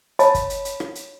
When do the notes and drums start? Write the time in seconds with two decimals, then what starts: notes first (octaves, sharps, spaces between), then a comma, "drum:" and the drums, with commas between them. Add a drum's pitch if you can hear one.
0.19 C#5 D#5 A5 B5, drum: hi-hat
0.34 drum: kick, hi-hat
0.50 drum: hi-hat
0.65 drum: hi-hat
0.80 drum: rim click
0.95 drum: hi-hat